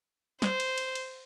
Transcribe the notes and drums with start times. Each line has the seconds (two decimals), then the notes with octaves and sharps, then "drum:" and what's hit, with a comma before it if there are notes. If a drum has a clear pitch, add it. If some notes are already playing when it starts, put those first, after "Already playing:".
0.42 C5, drum: snare
0.60 drum: cymbal
0.78 drum: cymbal
0.95 drum: cymbal